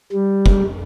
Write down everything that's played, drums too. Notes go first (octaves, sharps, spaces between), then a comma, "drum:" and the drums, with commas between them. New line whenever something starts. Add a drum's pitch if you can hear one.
G3
drum: kick